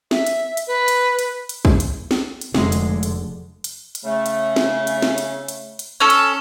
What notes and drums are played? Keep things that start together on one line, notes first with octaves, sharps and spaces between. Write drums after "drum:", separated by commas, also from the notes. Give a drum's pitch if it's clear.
E5, drum: snare
drum: hi-hat
drum: hi-hat
B4
drum: hi-hat
drum: hi-hat
drum: hi-hat
drum: kick
drum: hi-hat
drum: snare
drum: hi-hat
F1 D2 D3 G#3, drum: snare
drum: hi-hat
drum: hi-hat
drum: hi-hat
drum: hi-hat
C#3 A3
drum: hi-hat
drum: snare
drum: hi-hat
drum: snare
drum: hi-hat
drum: hi-hat
drum: hi-hat
C#4 A4
drum: hi-hat